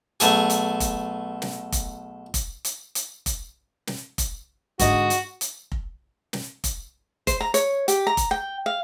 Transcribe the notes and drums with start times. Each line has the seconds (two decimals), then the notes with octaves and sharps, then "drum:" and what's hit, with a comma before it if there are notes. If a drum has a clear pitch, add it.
0.20 B1 A3 G#4, drum: hi-hat
0.50 drum: hi-hat
0.80 drum: kick F1, hi-hat
1.42 drum: snare
1.72 drum: kick F1, hi-hat
2.34 drum: kick F1, hi-hat
2.65 drum: hi-hat
2.95 drum: hi-hat
3.26 drum: kick F1, hi-hat
3.87 drum: snare
4.18 drum: kick F1, hi-hat
4.79 G#2 D3 F#4 D#5, drum: kick F1, hi-hat
5.10 drum: hi-hat
5.41 drum: hi-hat
5.72 drum: kick F1
6.33 drum: snare
6.64 drum: kick F1, hi-hat
7.27 C5, drum: kick F1, hi-hat
7.41 A#5
7.54 C#5, drum: hi-hat
7.88 G4, drum: hi-hat
8.07 A#5
8.17 drum: kick F1, hi-hat
8.31 G5
8.66 F5